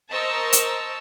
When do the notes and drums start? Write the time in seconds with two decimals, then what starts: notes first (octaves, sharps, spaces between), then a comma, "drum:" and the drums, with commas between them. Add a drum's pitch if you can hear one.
0.12 A#4 C5 D#5 A5 C#6 E6
0.53 drum: hi-hat